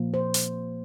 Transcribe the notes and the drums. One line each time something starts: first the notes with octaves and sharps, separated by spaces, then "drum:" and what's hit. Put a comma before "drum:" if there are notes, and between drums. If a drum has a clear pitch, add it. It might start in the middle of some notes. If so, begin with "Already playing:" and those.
Already playing: A#2 F3 A#3
C5
drum: hi-hat